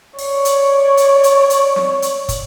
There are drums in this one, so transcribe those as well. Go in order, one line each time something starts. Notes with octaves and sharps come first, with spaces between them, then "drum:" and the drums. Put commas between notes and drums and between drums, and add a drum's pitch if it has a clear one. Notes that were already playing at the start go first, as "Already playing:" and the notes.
C#5 D5, drum: open hi-hat
drum: hi-hat
drum: hi-hat
drum: hi-hat
drum: hi-hat
drum: snare C4
drum: hi-hat
drum: kick, hi-hat